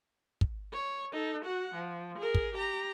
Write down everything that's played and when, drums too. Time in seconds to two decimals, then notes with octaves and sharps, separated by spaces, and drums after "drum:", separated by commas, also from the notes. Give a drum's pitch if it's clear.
0.41 drum: kick
0.73 C#5
1.12 D#4 A4
1.45 F#4 F#5
1.75 F3
2.18 G#4 A#4
2.34 drum: kick
2.54 G4 A#5